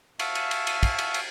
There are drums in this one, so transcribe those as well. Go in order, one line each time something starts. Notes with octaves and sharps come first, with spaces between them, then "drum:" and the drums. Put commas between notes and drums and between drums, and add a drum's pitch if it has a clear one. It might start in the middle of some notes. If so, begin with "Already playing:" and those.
E5 F5 A5 C#6, drum: cymbal
drum: cymbal
drum: cymbal
drum: cymbal
drum: kick, cymbal
drum: cymbal
drum: cymbal